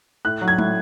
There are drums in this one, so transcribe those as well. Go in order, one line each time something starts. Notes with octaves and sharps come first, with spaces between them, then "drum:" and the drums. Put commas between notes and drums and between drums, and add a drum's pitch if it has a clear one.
A2 F#6
F#3
G#6
A2, drum: tom G#3